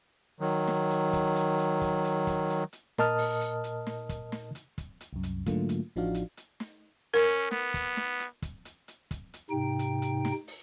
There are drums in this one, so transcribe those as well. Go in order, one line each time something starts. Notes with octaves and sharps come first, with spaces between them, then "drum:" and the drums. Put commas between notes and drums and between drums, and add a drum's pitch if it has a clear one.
D#3 F#3
drum: snare
drum: hi-hat
drum: kick, hi-hat
drum: hi-hat
drum: hi-hat
drum: kick, hi-hat
drum: hi-hat
drum: kick, hi-hat
drum: hi-hat
drum: hi-hat
A#2 A#4 D#5 A5 D#6 F6, drum: snare
drum: open hi-hat
drum: hi-hat
drum: hi-hat
drum: snare
drum: kick, hi-hat
drum: snare
drum: hi-hat
drum: kick, hi-hat
drum: hi-hat
C2 F#2
drum: hi-hat
G#2 D3 F#3 A3 A#3 F4, drum: kick, hi-hat
drum: hi-hat
A1 F3 D4 D#4 F#4 F5
drum: hi-hat
drum: hi-hat
drum: snare
C#4 A#4
drum: hi-hat
B3, drum: snare
drum: kick, hi-hat
drum: snare
drum: hi-hat
drum: kick, hi-hat
drum: hi-hat
drum: hi-hat
drum: kick, hi-hat
drum: hi-hat
G#2 C3 D#4 G5
drum: hi-hat
drum: hi-hat
drum: snare
drum: open hi-hat